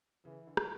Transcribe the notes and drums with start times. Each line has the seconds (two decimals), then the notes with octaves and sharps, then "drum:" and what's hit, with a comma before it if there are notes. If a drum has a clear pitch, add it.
0.25 C#3 E3
0.47 D3
0.57 drum: rim click